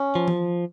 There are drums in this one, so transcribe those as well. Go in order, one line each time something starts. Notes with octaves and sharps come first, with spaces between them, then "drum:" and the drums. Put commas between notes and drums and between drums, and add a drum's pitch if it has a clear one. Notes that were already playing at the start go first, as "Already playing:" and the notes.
Already playing: C#4
F3
drum: tom E3